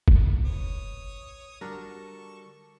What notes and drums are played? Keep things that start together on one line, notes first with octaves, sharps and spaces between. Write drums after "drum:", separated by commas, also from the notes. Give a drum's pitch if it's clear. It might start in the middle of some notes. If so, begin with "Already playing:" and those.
drum: kick F#1
B4 C#5 D#6
D3 G3 D4 F#4 A4 A#4 C#6